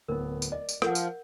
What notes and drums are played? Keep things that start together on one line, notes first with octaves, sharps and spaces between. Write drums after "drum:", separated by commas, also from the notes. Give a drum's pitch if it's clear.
D1 B3 A#4
drum: tambourine
D5 D#5
drum: tambourine
F3 A#4 F#5 G6, drum: rim click
drum: tambourine